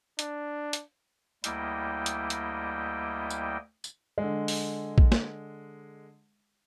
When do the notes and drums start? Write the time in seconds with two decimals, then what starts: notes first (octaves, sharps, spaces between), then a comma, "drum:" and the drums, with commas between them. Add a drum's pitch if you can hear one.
0.19 D4, drum: hi-hat
0.73 drum: hi-hat
1.44 D2 G3 A#3 E4 D#5 G5, drum: hi-hat
2.06 drum: hi-hat
2.30 drum: hi-hat
3.30 drum: tambourine
3.84 drum: tambourine
4.18 D3 G#3
4.48 drum: open hi-hat
4.98 drum: kick
5.12 drum: snare